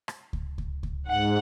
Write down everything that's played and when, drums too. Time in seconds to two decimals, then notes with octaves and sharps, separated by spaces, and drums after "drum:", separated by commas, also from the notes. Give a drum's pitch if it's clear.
0.08 drum: rim click
0.33 drum: kick C#2
0.58 drum: kick C#2
0.83 drum: kick C#2
1.08 G#2 F#5